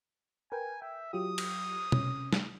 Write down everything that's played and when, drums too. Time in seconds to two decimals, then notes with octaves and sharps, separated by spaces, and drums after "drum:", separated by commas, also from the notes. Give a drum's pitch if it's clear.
0.52 A#4 B4 G5 G#5
0.82 E5 G5
1.13 F#3 F4 G4 D#6
1.38 drum: cymbal
1.92 C3 C#4, drum: tom B2
2.33 drum: snare